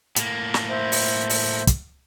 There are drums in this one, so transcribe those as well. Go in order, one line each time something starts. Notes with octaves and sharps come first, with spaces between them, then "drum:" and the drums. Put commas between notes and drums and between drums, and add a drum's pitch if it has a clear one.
A2 A#3, drum: hi-hat
drum: snare
C5 E5
drum: open hi-hat
drum: open hi-hat
drum: kick, hi-hat